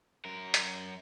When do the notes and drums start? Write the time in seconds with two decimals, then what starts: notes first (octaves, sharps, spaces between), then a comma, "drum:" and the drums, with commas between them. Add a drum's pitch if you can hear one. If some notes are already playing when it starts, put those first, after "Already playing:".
0.25 F#2 A#4
0.54 drum: hi-hat